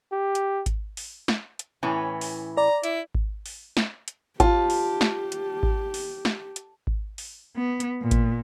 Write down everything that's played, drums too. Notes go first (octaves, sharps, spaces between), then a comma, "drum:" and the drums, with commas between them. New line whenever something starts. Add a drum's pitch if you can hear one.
G4
drum: hi-hat
drum: kick G#1, hi-hat
drum: open hi-hat
drum: snare
drum: hi-hat
A2 E3 C#4
drum: open hi-hat
D5 A#5
E4, drum: hi-hat
drum: kick G#1
drum: open hi-hat
drum: snare
drum: hi-hat
F4 G4 A5, drum: kick G#1, hi-hat
drum: open hi-hat
drum: snare
drum: hi-hat
drum: kick G#1
drum: open hi-hat
drum: snare
drum: hi-hat
drum: kick G#1
drum: open hi-hat
B3
drum: hi-hat
A#2
drum: kick G#1, hi-hat